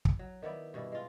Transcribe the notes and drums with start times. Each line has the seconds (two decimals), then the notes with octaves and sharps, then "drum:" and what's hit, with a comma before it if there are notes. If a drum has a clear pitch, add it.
0.05 drum: kick
0.19 F#3
0.42 D#3 B3 E4 D5
0.74 G2 B2 E4 D5
0.92 G#3 F4